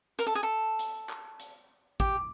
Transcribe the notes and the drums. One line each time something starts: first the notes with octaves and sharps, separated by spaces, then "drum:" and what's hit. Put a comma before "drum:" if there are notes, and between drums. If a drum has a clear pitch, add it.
A#4, drum: hi-hat
A4
G#4
A4
drum: hi-hat
drum: clap
drum: hi-hat
G4, drum: kick